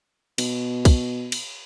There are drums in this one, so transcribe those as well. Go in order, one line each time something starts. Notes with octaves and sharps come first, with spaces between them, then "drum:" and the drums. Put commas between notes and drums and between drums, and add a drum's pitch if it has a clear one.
B2, drum: cymbal
drum: kick, cymbal
drum: cymbal